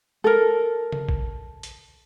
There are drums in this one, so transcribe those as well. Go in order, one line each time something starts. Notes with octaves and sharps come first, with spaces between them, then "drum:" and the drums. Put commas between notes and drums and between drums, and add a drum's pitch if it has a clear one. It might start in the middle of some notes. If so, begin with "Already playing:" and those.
A4 A#4
drum: tom C#3
drum: kick
drum: hi-hat